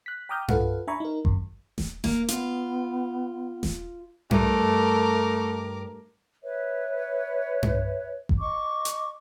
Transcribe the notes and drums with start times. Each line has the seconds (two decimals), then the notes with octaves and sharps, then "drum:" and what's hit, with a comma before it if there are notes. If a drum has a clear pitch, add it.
0.06 F#6 B6
0.29 G5 A#5 D6 D#6 F6 G6
0.48 F4 A4 B4 F5 F#5, drum: tom G2
0.87 D4 E5 G#5 A#5 B5 C#6
1.00 D#4 A#4
1.25 F#2, drum: kick G#1
1.78 drum: snare D#1
2.04 A#3, drum: snare D#1
2.28 B3 F4, drum: hi-hat
3.63 drum: snare D#1
4.31 G2 A3 A#4 D6, drum: tom G2
6.42 B4 C#5 E5
7.63 drum: tom G2
8.29 drum: kick G#1
8.40 D#5 C#6 D6
8.85 drum: hi-hat